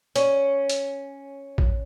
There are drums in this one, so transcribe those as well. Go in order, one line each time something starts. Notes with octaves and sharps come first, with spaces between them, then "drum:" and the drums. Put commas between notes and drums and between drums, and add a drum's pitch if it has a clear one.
C#4, drum: hi-hat
drum: hi-hat
drum: kick